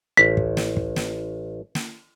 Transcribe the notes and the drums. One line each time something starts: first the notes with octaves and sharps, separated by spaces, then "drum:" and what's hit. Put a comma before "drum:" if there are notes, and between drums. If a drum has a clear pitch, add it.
A1 B6
drum: kick
drum: snare
drum: kick
drum: snare
drum: snare